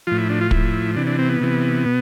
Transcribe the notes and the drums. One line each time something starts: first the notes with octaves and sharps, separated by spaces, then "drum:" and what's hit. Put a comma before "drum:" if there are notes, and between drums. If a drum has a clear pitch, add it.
A2 F3 F4
E4
D4
F4
A2 F3 E4, drum: kick
C3 E3 D4
D4
C4
B3
C3 E3
B2